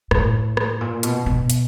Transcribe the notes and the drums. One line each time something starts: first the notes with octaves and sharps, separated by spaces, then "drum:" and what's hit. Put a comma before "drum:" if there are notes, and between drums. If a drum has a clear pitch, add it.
A2, drum: rim click
drum: rim click
A#2
B2, drum: hi-hat
B2
drum: hi-hat